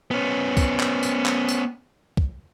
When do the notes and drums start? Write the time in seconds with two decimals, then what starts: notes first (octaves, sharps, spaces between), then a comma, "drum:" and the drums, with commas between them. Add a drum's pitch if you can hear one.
0.11 B3 C#4
0.57 drum: kick, tambourine
0.80 drum: clap
1.03 drum: tambourine
1.26 drum: clap
1.49 drum: tambourine
2.17 drum: kick